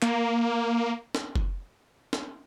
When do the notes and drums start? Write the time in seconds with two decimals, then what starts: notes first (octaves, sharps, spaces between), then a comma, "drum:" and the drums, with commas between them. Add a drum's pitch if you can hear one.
0.02 A#3, drum: clap
1.15 drum: snare
1.36 drum: kick F#1
2.13 drum: snare